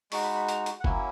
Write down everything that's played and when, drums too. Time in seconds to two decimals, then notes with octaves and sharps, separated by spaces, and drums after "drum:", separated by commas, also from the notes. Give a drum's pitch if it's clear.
0.12 G#3 D#4 F#4 C#6, drum: open hi-hat
0.24 B5
0.36 B5
0.49 A#5, drum: hi-hat
0.66 drum: hi-hat
0.80 F#5
0.84 F#3 A#3 C#4 E4 G#5, drum: kick F#1